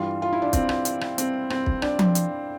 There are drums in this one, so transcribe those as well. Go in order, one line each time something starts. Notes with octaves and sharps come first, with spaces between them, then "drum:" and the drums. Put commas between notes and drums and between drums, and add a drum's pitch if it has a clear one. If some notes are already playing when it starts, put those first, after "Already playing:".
Already playing: G2 E3 G3 F4
F4
E4
D4
C4, drum: kick, hi-hat
drum: rim click
drum: hi-hat
drum: rim click
C4, drum: hi-hat
C4, drum: rim click
drum: kick
D4, drum: rim click
drum: tom F3
drum: hi-hat